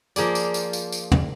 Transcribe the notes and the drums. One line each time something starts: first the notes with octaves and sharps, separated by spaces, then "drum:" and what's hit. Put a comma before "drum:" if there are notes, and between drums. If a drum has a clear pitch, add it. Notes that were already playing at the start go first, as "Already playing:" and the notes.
F3 A#3 G#4 D5, drum: tambourine
drum: tambourine
drum: tambourine
drum: tambourine
drum: tambourine
drum: tom